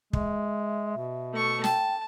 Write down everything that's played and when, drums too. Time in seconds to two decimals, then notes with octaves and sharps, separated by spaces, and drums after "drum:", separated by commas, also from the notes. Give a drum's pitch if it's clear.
0.13 G#3 E5, drum: kick
0.97 B2
1.33 A3 C#6
1.64 G5 A5, drum: snare